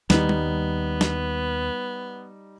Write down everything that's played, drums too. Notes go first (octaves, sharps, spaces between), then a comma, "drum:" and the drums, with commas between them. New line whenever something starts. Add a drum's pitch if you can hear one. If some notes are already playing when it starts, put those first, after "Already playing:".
D#2 D#3 G3 B3 D#4, drum: snare
drum: tom G3
drum: snare